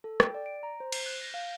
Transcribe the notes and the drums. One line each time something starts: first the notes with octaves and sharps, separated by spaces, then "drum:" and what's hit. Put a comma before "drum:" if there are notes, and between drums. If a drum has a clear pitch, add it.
A4
G5, drum: rim click
D5
D7
A#5
C5
C7, drum: cymbal
F#6
A#6
F5